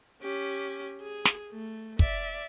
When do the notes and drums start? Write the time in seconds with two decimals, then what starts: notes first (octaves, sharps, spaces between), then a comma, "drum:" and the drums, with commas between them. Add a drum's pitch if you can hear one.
0.22 C#4 G4
1.01 G#4
1.25 drum: snare
1.52 A3
1.99 D5 E5, drum: kick